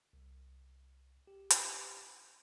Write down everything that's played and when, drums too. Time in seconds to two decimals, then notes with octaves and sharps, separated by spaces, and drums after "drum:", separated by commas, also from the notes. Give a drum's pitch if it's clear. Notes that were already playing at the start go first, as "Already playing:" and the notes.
0.13 C2
1.27 G4
1.50 drum: hi-hat